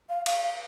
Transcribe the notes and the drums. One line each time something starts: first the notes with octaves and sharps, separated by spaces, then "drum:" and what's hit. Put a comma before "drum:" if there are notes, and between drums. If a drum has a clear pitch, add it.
F5
F5, drum: cymbal
F5